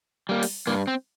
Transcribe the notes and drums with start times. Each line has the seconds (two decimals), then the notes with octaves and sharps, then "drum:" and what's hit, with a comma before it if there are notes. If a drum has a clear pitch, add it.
0.29 G3 A#3
0.43 drum: open hi-hat
0.67 G2 A#3
0.87 C4